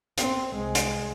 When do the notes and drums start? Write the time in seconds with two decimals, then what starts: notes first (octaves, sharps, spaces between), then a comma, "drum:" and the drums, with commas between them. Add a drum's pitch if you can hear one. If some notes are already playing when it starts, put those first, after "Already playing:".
0.18 C4, drum: hi-hat
0.55 C2 G#3
0.75 drum: hi-hat